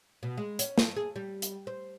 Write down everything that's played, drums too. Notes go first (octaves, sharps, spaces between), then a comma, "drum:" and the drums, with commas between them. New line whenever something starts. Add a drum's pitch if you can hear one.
B2
G#3
C#4, drum: hi-hat
A4, drum: snare
G#4
G3
drum: hi-hat
C5